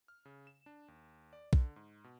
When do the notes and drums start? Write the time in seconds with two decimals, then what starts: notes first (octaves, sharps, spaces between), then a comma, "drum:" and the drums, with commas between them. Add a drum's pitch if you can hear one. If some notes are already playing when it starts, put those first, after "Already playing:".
0.08 F6
0.25 C#3
0.47 E7
0.66 D4
0.88 D#2
1.33 D5
1.53 D3, drum: kick B1
1.76 G#2
2.04 B2